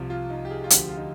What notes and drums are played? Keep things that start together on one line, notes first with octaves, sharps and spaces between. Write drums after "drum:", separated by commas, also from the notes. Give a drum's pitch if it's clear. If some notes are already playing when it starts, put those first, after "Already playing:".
Already playing: C2 C3 F3
F4
D#4
G4
G#4
F4
D2 D3 F3 G4, drum: hi-hat
F4
D#4